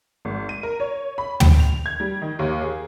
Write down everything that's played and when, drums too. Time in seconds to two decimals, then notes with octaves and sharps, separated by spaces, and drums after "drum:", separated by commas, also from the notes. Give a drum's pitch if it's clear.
0.25 G#1
0.49 D#7
0.63 A#4
0.80 C#5
1.18 B5
1.40 G5, drum: tom
1.60 F7
1.86 G#6
2.00 G3
2.22 D#3
2.39 D#2
2.62 G#4